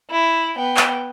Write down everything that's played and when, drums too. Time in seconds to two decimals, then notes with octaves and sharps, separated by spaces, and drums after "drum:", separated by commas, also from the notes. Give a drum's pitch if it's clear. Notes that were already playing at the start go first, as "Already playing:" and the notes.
0.11 E4
0.56 B3 G5
0.77 drum: clap